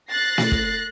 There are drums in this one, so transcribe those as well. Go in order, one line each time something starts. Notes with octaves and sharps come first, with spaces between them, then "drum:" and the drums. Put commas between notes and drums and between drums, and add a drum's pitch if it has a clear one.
F#6 A6 A#6 C7
drum: snare
drum: kick